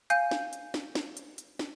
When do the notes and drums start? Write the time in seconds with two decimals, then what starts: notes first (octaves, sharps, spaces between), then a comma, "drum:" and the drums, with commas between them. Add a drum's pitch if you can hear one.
0.10 F5 G#5 G6, drum: hi-hat
0.31 drum: snare
0.53 drum: hi-hat
0.74 drum: snare
0.95 drum: snare
1.17 drum: hi-hat
1.38 drum: hi-hat
1.59 drum: snare